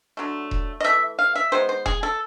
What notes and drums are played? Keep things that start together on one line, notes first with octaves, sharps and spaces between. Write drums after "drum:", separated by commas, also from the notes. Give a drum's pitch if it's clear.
D3 F#3 A3
drum: kick E1
D#5
E3 A3 E5
F5
E5
D#3 G#3 B3 C5
C5
G#4, drum: kick E1
A4